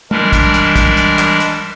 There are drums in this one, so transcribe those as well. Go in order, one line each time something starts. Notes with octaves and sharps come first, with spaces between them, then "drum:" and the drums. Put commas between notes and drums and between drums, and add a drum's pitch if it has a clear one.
E3 G3 G#3 D4 A#4, drum: tom
drum: kick, hi-hat
drum: hi-hat
drum: kick, hi-hat
drum: hi-hat
drum: clap
drum: hi-hat